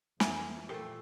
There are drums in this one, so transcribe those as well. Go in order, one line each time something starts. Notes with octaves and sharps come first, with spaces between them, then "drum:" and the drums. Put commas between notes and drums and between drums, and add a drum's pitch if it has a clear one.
F2 E3 A#4 E5 G#5, drum: snare
A#2 A3 G4 A4 C5